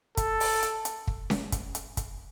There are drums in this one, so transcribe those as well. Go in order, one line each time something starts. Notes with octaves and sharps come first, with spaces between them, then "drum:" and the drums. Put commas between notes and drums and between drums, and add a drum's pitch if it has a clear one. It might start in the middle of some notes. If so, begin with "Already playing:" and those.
A4, drum: kick, hi-hat
drum: open hi-hat
drum: hi-hat
drum: hi-hat
drum: kick
drum: snare C#4
drum: kick, hi-hat
drum: hi-hat
drum: kick, hi-hat